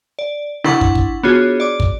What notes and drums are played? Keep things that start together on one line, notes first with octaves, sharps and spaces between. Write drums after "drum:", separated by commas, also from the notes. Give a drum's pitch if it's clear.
D5
D4 E4 F#5 C6 C#6, drum: snare
drum: kick
drum: kick
B3 D4 F4 F#4 G#4 C#5
D5 D6
drum: kick